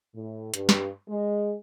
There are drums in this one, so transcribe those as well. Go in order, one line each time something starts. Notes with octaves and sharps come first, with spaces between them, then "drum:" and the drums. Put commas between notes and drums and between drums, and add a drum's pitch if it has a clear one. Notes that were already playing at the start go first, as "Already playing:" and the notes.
A2
G2, drum: hi-hat
drum: snare
G#3